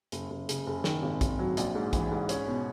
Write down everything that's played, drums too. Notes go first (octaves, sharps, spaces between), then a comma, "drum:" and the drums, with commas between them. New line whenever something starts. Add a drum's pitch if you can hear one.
F#1, drum: hi-hat
F#1
C#3, drum: hi-hat
F#1
D#3, drum: snare
G#1
G#1, drum: kick, hi-hat
F#3
A#1, drum: hi-hat
G#2
E3, drum: kick, hi-hat
G#2
C#4, drum: hi-hat
B2